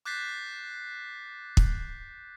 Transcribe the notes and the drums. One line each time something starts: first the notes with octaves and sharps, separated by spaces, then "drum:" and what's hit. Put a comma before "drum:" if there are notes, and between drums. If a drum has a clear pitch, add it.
D6 F#6 G6 A6 B6 C7
drum: kick